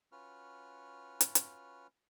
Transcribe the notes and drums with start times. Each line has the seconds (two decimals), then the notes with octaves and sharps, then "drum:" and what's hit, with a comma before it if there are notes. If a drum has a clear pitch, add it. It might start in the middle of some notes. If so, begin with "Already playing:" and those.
0.12 C#4 F4 F#4 B4 F6
1.21 drum: hi-hat
1.35 drum: hi-hat